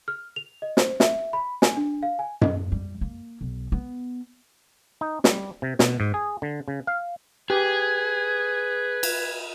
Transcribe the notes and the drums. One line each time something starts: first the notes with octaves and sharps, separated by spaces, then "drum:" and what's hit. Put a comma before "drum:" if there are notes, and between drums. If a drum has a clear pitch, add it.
F6
F7
D#5
C5, drum: snare
E5, drum: snare
B5
G#5, drum: snare
D4
F5
G#5
D#5, drum: tom F#2
G3
A#3
B1
B3
D#4
G3, drum: snare
C3
B2, drum: snare
G#2
G#4
D3
C#3
F5
G4 G#4 B4 G#6
drum: cymbal